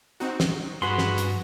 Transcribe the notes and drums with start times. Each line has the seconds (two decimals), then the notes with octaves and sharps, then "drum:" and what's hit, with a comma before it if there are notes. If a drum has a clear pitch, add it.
0.20 C4 D#4 F#4
0.40 drum: snare
0.82 G2 F#4 G#4 B4 C6
0.98 drum: snare
1.18 drum: hi-hat